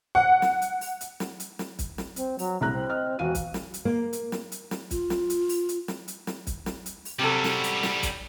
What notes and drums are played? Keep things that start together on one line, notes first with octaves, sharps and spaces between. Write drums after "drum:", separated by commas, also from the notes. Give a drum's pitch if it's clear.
F#5
drum: snare
drum: hi-hat
drum: open hi-hat
drum: hi-hat
drum: snare
drum: hi-hat
drum: snare
drum: kick, hi-hat
drum: snare
C4, drum: hi-hat
F#3, drum: open hi-hat
C2 A3 A#5 F#6
C4
D#5 F6
E1 F#4 F5 D#7
drum: kick, hi-hat
drum: snare
drum: hi-hat
A#3
drum: hi-hat
drum: snare
drum: hi-hat
drum: snare
F4, drum: kick, hi-hat
drum: snare
drum: hi-hat
drum: open hi-hat
drum: hi-hat
drum: snare
drum: hi-hat
drum: snare
drum: kick, hi-hat
drum: snare
drum: hi-hat
drum: open hi-hat
C3 F#3 G3 C#4 A4
drum: snare
drum: hi-hat
drum: snare
drum: kick, hi-hat